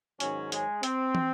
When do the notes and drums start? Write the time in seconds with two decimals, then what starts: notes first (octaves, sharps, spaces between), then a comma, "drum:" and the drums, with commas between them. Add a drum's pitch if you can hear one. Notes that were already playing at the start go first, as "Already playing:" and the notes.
0.20 G#2 D#3 F#3 C#4, drum: hi-hat
0.52 G#3 G#4, drum: hi-hat
0.83 C4, drum: hi-hat
1.15 drum: tom